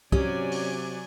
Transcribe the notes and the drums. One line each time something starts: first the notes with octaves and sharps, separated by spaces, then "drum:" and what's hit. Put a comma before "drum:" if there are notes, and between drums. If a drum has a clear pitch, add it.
C3 F#3 C#4 G4 D5 G#5, drum: kick C2
drum: open hi-hat